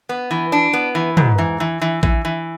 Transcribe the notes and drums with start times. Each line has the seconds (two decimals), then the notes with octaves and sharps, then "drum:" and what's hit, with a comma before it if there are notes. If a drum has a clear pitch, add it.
0.09 B3
0.31 E3
0.52 D4
0.73 B3
0.95 E3
1.17 G#2, drum: tom
1.38 E3
1.60 E3
1.81 E3
2.03 E3, drum: kick A#1
2.25 E3